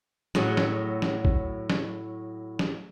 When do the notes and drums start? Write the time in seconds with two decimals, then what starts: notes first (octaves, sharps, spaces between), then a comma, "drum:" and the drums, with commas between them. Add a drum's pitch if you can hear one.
0.35 A2 F#3 G#4, drum: snare
0.57 drum: snare
1.02 drum: snare
1.25 drum: kick
1.70 drum: snare
2.59 drum: snare